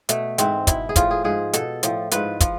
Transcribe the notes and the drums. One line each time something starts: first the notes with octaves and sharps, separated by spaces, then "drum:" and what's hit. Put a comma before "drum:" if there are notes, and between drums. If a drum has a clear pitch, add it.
B2 A3, drum: hi-hat
G#2 E3 C4, drum: hi-hat
B2 E4, drum: kick, hi-hat
G#4
A2 F3 F4, drum: kick, hi-hat
G#4
G#2 F3 G#4
B2 A4, drum: hi-hat
A2 F3, drum: hi-hat
G#2 F3 B4, drum: hi-hat
F3, drum: kick, hi-hat